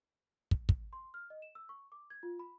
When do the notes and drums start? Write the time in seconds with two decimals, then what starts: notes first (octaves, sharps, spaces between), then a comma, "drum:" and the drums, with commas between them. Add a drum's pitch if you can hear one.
0.51 drum: kick
0.69 drum: kick
0.93 C6
1.14 F6
1.30 D#5
1.42 E7
1.55 E6
1.69 C#6
1.92 D6
2.10 G#6
2.23 F4
2.39 B5